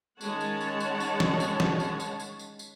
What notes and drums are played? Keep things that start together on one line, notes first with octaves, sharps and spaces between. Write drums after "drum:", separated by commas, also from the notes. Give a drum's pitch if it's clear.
D#3 G#3 C#4 C#5 F#5 A5, drum: tambourine
drum: tambourine
drum: tambourine
drum: tambourine
drum: tambourine
drum: snare
drum: tambourine
drum: snare
drum: tambourine
drum: tambourine
drum: tambourine
drum: tambourine
drum: tambourine